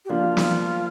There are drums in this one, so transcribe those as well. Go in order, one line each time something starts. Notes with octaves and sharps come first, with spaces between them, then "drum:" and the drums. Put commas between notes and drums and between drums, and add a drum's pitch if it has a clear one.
G4
F3 A#3 D4 F4
drum: snare